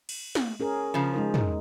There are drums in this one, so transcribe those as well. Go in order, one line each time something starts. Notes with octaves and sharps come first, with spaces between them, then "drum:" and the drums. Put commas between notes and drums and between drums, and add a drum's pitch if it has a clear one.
drum: cymbal
drum: snare
C#4 G#4 A#4
C#3 F3
G#3 D#4 A#4
drum: tom